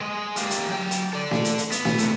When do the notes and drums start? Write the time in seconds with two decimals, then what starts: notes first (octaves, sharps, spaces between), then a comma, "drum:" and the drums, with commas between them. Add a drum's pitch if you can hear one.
0.01 G#3 D#5
0.36 G3 A#3, drum: hi-hat
0.51 drum: hi-hat
0.70 F#3 G5
0.91 drum: hi-hat
1.13 A4 D5
1.31 drum: snare
1.45 drum: hi-hat
1.58 drum: hi-hat
1.72 B3, drum: hi-hat
1.85 drum: snare
1.98 C3 A3, drum: hi-hat